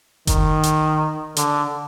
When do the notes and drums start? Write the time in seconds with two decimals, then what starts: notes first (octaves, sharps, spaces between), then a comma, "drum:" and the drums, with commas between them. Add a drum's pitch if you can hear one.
0.27 D#3, drum: kick F#1, hi-hat
0.63 drum: hi-hat
1.36 D3, drum: hi-hat